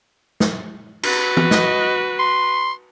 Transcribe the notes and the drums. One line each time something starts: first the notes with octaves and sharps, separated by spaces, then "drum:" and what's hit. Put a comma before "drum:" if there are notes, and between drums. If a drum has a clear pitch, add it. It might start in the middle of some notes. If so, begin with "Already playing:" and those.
drum: snare
F#4 B4, drum: cymbal
drum: tom E3
D#5, drum: snare
C6